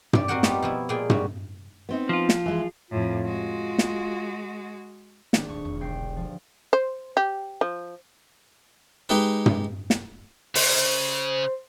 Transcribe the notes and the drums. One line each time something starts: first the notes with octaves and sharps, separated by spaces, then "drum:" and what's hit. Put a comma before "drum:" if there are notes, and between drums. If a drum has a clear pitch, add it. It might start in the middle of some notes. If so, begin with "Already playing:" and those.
G3 D5, drum: tom
C4 F#4 A#4 D#5 F#5 G5
G3 B3 D#4 F4 G4, drum: snare
B2 F3 E4
A#2 G#3 F4 G#4 G5
G3 F#4, drum: tom
B3 C4 D#4
F3 F4
drum: snare
E3 G#3
F2 A2 F4
G#3 F#4
drum: snare
G#1 D4, drum: snare
D#1 D#4 C#6
E1 C2
G1 G5 C7
F3
C5
G4
F3
G#3 D#4 G4 B4
drum: tom
drum: snare
C#3 C5, drum: open hi-hat